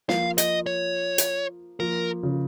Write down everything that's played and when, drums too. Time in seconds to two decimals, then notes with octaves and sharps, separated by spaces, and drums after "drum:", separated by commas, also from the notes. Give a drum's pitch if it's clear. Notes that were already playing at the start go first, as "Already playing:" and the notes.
0.09 F3 A#3 F5, drum: snare
0.38 D#5, drum: hi-hat
0.66 C#5
1.18 drum: hi-hat
1.80 F3 A#3 A#4
2.23 C#3 F3